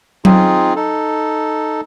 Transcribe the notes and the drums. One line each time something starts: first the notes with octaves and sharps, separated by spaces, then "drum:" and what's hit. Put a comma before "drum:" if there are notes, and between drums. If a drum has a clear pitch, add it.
C4 D#4 F4 G#4, drum: tom F#3
D#4 A4